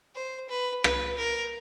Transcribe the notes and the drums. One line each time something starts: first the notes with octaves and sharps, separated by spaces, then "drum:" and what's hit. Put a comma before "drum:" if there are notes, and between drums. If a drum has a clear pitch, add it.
C5
B4
B4, drum: rim click
A#4